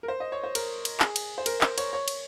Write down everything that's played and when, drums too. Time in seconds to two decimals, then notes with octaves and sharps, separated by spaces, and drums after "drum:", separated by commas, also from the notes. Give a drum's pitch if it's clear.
0.03 A#4
0.08 C5
0.20 D#5
0.32 C#5
0.44 C5
0.55 A#4, drum: cymbal
0.85 drum: cymbal
1.00 G#4, drum: clap
1.16 drum: cymbal
1.38 C5
1.46 A#4, drum: cymbal
1.61 C5, drum: clap
1.78 C#5, drum: cymbal
1.93 C#5
2.08 drum: cymbal